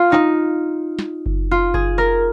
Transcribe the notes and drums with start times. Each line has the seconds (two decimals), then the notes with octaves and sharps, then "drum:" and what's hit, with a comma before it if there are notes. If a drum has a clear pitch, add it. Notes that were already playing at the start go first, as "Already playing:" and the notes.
Already playing: F4 F5
0.12 D#4, drum: clap
0.99 drum: snare
1.26 drum: kick F#1
1.51 F4
1.74 G#4, drum: kick F#1
1.98 A#4